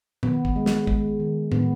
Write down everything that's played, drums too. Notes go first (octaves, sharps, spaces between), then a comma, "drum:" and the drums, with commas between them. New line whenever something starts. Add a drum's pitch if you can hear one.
D#3 B3, drum: tom A#2
drum: kick
G#3
drum: snare
G#3, drum: kick
D#3
D#3 B3, drum: tom A2